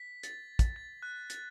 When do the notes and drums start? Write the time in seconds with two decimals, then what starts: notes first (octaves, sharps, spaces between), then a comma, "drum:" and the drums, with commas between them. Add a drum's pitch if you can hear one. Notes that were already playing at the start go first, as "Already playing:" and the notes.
Already playing: B6
0.23 A6, drum: hi-hat
0.59 drum: kick, hi-hat
0.76 A6
1.03 F#6
1.30 A6, drum: hi-hat